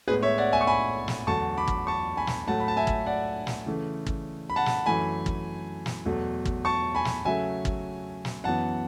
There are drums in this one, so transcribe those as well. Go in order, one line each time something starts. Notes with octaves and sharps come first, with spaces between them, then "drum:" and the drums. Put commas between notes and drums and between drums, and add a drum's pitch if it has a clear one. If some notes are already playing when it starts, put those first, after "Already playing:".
A2 G#3 B3 G#4 B4
C#5 E5
D5 F#5
E5 G#5
C#6
G#5 B5
drum: snare
E2 D3 F#3 A3 A5 C#6
B5 D6
drum: kick
A5 C#6
G#5 B5
drum: snare
A2 F#3 A3 F#5 A5
B5
A5
E5 G#5
drum: kick
D5 F#5
drum: snare
C#3 E3 A3
drum: kick
B5
F#5 A5
drum: snare
F#2 E3 A3 G#5 B5
drum: kick
drum: snare
E2 B2 F#3 A3
drum: kick
A5 C#6
G#5 B5
drum: snare
C#3 F#3 A3 E5 G#5
drum: kick
drum: snare
F#2 E3 B3 F#5 A5